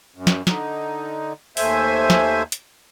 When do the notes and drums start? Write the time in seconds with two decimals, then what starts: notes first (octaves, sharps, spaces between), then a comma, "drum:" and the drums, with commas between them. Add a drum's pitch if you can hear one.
0.16 F#2
0.27 drum: snare
0.47 D3 D#4, drum: snare
1.57 D#2 A3 C5 E5 G#5, drum: open hi-hat
2.10 drum: snare
2.52 drum: hi-hat